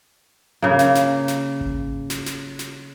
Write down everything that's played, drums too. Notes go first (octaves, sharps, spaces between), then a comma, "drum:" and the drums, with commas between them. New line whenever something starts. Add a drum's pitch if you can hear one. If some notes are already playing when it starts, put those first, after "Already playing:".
C#3 A#3
drum: snare
drum: snare
drum: snare
drum: kick G#1
drum: snare
drum: snare
drum: snare